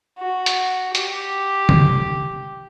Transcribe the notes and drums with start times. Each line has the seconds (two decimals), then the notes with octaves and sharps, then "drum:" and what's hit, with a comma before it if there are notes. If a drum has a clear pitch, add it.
0.19 F#4
0.46 drum: hi-hat
0.95 G4, drum: hi-hat
1.69 drum: tom